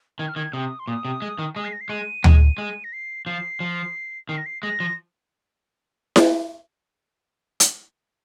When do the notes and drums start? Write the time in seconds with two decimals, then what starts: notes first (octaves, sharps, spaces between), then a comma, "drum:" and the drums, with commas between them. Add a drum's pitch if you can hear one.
0.19 D#3 G#6
0.28 F6
0.36 D#3 G#6
0.53 C3 D#6
0.79 C6
0.88 A#2 D#6
1.05 C3
1.22 G#3
1.39 D#3
1.55 G#3 D#6
1.65 C7
1.73 A#6
1.81 C7
1.89 G#3 D#7
2.24 G#3, drum: tom D2
2.58 G#3
2.84 A#6
2.93 C7
3.26 F3 C7
3.60 F3
4.29 D#3 C7
4.37 A#6
4.46 C7
4.63 G#3 A#6
4.80 F3
6.16 drum: snare E4
7.60 drum: hi-hat